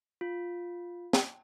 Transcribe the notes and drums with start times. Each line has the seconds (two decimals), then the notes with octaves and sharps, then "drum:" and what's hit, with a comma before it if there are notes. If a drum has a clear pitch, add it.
0.21 F4
1.13 drum: snare